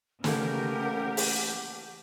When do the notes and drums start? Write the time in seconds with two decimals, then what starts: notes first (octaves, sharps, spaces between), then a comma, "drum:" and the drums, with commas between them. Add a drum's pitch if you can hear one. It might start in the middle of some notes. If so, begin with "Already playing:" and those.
0.24 C#3 E3 A3 A#3 G4 A#4 F#5, drum: snare
1.17 drum: open hi-hat